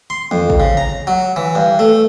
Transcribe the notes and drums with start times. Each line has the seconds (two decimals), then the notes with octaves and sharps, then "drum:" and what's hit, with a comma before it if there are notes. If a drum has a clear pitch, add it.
0.10 C6
0.31 F2, drum: tom D#3
0.50 drum: kick
0.60 C#3
0.77 A#5
1.07 F#3
1.36 E3
1.55 G2
1.79 A3